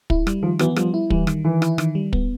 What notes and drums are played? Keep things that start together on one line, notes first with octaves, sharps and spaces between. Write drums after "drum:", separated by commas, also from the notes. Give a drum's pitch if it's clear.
E4, drum: kick
G3, drum: rim click
D#3 F3
E3 F#3 B3, drum: rim click
F3 G3, drum: rim click
E4
E3 G3, drum: kick
D#3, drum: rim click
D#3 E3
E4, drum: rim click
D#3, drum: rim click
G3
B3, drum: kick